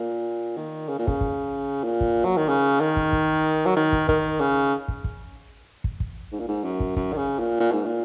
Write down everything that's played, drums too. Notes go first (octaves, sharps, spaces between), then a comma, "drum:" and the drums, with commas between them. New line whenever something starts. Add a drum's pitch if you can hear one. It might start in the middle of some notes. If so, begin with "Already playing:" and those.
Already playing: A#2
D#3
C#3
A#2
C#3, drum: kick
drum: kick
A#2
drum: kick
F#3
D#3
C#3
D#3
drum: kick
drum: kick
F#3
D#3
drum: kick
D#3, drum: kick
C#3
drum: kick
drum: kick
drum: kick
drum: kick
G#2
A#2
G#2
F#2
drum: kick
F#2, drum: kick
D#3
C#3
A#2
A#2
G#2
A#2